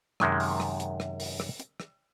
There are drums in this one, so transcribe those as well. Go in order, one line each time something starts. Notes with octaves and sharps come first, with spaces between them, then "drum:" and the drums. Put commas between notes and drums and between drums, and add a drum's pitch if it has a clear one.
F#2 C3 D#3 G#3, drum: rim click
drum: open hi-hat
drum: rim click
drum: hi-hat
drum: rim click
drum: open hi-hat
drum: rim click
drum: hi-hat
drum: rim click